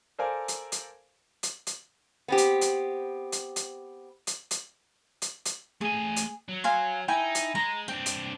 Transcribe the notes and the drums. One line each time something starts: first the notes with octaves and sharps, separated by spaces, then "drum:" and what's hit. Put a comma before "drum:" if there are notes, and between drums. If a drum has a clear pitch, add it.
A4 A#4 C5 D5 F5 G#5
drum: hi-hat
drum: hi-hat
drum: hi-hat
drum: hi-hat
B3 C4 G4
drum: hi-hat
drum: hi-hat
drum: hi-hat
drum: hi-hat
drum: hi-hat
drum: hi-hat
drum: hi-hat
drum: hi-hat
A3 G#4 G#5
drum: hi-hat
F#3
F5 G#5 C6
D#4 E4 G5 G#5
drum: hi-hat
G#3 A#5
C4 D4 G5
drum: hi-hat